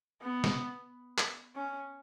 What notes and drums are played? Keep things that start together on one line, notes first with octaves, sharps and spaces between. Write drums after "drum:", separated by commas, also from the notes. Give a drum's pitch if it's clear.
B3
drum: snare
drum: clap
C#4